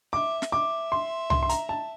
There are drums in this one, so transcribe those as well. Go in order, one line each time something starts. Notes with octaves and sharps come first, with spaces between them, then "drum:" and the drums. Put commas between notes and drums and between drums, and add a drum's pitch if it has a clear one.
E5 D6
drum: snare
E5 D6
C6
C6, drum: tom C2
C6
A#5, drum: hi-hat
A5